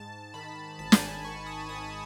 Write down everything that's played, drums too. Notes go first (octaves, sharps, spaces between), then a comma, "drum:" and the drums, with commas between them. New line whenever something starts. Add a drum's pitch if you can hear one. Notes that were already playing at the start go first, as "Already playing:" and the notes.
Already playing: G#2 A5
D#3 B5
G#1 A5
drum: snare
G#5
D#3 C#6
D#6
D#3 D#6